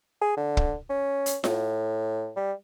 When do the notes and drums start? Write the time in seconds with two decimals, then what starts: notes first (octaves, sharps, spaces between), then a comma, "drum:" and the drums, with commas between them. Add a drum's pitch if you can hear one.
0.21 G#4
0.37 D3
0.57 drum: kick
0.89 C#4
1.26 drum: hi-hat
1.44 A2, drum: snare F4
2.36 G3